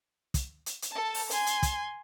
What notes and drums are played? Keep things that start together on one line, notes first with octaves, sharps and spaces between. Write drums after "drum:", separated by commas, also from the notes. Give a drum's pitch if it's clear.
drum: kick, hi-hat
drum: hi-hat
drum: hi-hat
A4 A5
drum: open hi-hat
G#5 C6, drum: hi-hat
drum: hi-hat
drum: kick, hi-hat